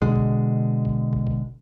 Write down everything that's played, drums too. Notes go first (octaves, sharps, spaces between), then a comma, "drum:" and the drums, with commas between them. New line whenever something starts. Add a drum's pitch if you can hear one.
B2 D3 G#3, drum: kick
drum: kick
drum: kick
drum: kick
drum: kick